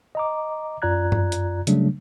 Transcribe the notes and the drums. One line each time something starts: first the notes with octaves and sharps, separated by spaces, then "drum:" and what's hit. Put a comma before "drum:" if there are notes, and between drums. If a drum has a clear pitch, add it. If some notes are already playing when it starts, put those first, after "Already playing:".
D#5 A#5 D6
F#2 F4 D5 A#5 F#6 G#6
drum: tom G2
drum: hi-hat
C#3 F#3 G3 A3 D4, drum: hi-hat